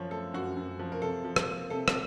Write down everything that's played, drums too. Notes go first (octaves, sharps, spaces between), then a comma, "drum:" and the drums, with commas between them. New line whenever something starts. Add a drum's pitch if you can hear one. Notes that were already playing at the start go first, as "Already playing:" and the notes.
Already playing: F#2 F3 C#5
A3 A4
F#2 F#4
F#2
F3
A#4
C3 A4
F3
drum: rim click
A#3
C3 A4
drum: rim click